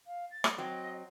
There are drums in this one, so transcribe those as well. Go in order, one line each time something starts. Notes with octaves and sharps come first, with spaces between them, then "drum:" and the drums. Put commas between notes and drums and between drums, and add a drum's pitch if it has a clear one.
F5
A6
drum: rim click
F#3 C4 D#5